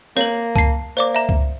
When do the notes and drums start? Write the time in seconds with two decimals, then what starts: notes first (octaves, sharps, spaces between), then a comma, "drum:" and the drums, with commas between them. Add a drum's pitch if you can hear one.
0.17 A#3 C#5 F#7, drum: snare
0.56 A5 C7, drum: kick C#2
0.97 A#3 C5 D5 D6
1.14 E5 A#5
1.29 drum: kick C#2